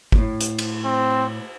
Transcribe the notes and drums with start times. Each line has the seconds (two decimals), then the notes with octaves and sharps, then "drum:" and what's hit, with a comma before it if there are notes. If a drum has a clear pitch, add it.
0.12 A#2, drum: kick
0.18 A2
0.41 drum: hi-hat
0.59 drum: cymbal
0.85 C4